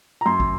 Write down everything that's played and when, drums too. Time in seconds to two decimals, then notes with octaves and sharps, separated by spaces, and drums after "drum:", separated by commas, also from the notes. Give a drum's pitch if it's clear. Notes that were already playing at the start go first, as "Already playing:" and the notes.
0.21 A#5
0.26 F#2 C6
0.40 drum: kick